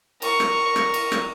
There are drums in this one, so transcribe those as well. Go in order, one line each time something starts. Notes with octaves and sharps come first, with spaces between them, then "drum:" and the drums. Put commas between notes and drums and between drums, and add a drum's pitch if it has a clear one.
A#4 C#6, drum: cymbal
drum: rim click
drum: rim click
drum: cymbal
drum: rim click